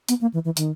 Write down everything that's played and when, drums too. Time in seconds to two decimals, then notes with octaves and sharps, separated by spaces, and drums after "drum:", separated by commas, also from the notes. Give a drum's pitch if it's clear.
0.09 B3, drum: hi-hat
0.21 A#3
0.33 E3
0.45 E3
0.57 D#3, drum: hi-hat